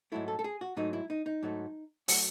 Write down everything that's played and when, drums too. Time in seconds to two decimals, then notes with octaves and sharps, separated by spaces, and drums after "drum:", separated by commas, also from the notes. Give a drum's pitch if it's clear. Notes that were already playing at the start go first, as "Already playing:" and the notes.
0.12 G#2 F#3 A3 E4
0.28 A4
0.39 A4
0.44 G#4
0.61 F#4
0.77 G#2 F#3 A3 D#4
0.93 E4
1.10 D#4
1.26 D#4
1.43 G#2 F#3 A3
2.08 F#3 A3 F#4, drum: open hi-hat